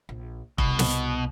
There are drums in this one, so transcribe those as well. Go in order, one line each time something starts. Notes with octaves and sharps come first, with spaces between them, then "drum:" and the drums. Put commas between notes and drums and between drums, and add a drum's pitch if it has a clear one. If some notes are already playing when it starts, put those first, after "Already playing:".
A#1
C2 B2, drum: kick F1
drum: snare